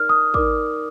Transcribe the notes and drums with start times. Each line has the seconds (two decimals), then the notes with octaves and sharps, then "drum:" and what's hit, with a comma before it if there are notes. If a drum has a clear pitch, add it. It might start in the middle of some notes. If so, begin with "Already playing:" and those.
Already playing: D#4 A#4 D5 F6
0.09 D#6
0.34 D#4 A#4 D5 D6, drum: kick